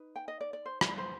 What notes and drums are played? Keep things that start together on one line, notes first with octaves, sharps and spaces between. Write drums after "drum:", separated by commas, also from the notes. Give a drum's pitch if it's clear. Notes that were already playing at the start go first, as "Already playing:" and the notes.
Already playing: D#4 B4
G5
D#5
D5
D5
C5
D5, drum: rim click
C5